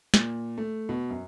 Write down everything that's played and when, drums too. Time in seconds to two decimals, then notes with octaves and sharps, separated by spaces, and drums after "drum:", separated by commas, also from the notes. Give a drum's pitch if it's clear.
0.14 A#2, drum: snare
0.58 A3
0.89 B2
1.10 F#2